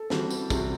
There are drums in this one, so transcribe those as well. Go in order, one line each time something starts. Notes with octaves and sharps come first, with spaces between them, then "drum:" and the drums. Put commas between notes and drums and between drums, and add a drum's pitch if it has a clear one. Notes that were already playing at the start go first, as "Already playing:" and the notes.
Already playing: A4
E3 G3 C4 F#4, drum: snare
drum: tambourine
C3 G3 C4 F#4, drum: kick, tambourine